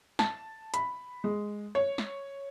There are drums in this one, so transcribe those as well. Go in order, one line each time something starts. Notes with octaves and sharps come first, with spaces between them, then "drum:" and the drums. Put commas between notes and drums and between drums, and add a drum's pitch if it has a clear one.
A5, drum: snare
B5, drum: hi-hat
G#3
C#5
drum: snare